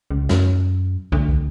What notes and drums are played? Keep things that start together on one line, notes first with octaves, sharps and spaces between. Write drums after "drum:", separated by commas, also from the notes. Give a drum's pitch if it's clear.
C#2
F#2, drum: snare
D2, drum: kick
drum: kick